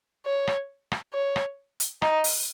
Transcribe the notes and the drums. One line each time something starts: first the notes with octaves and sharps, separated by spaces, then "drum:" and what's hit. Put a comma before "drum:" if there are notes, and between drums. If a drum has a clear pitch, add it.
C#5
drum: rim click
drum: rim click
C#5
drum: rim click
drum: hi-hat
D#4, drum: rim click
drum: open hi-hat